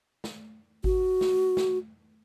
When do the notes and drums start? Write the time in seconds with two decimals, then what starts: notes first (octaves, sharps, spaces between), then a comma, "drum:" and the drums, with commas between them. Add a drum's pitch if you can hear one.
0.24 drum: snare
0.84 F#4, drum: kick G#1
1.21 drum: snare
1.57 drum: snare